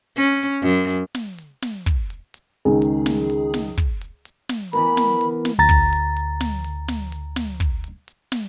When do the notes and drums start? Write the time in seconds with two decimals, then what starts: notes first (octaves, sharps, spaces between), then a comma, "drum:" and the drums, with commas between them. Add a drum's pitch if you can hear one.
0.16 C#4
0.43 drum: hi-hat
0.62 F#2
0.91 drum: hi-hat
1.15 drum: snare
1.38 drum: hi-hat
1.62 drum: snare
1.86 drum: kick, hi-hat
2.10 drum: hi-hat
2.34 drum: hi-hat
2.65 C#2 D#3 G#4
2.82 drum: hi-hat
3.06 drum: snare
3.30 drum: hi-hat
3.54 drum: snare
3.78 drum: kick, hi-hat
4.01 drum: hi-hat
4.25 drum: hi-hat
4.49 drum: snare
4.73 E3 B3 A#4 B5, drum: hi-hat
4.97 drum: snare
5.21 drum: hi-hat
5.45 drum: snare
5.59 D2 A#5 A6
5.69 drum: kick, hi-hat
5.93 drum: hi-hat
6.17 drum: hi-hat
6.40 drum: snare
6.64 drum: hi-hat
6.88 drum: snare
7.12 drum: hi-hat
7.36 drum: snare
7.60 drum: kick, hi-hat
7.84 drum: hi-hat
8.08 drum: hi-hat
8.32 drum: snare